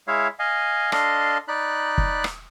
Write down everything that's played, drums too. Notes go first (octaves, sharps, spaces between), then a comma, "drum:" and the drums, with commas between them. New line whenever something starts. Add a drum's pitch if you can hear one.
G#3 E4 C#5 E5 F5
D#5 F5 G#5
D4 A4 D#5 F5 C6, drum: rim click
D#4 D5 B5 F#6
drum: kick
drum: rim click